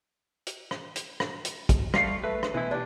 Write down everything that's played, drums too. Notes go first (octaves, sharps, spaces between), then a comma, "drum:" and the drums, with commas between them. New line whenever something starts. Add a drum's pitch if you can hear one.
drum: hi-hat
drum: rim click
drum: hi-hat
drum: rim click
drum: hi-hat
drum: kick, hi-hat
G3 A3 F5, drum: rim click
A3 B4
drum: rim click
B2 E3 E4
D4 G4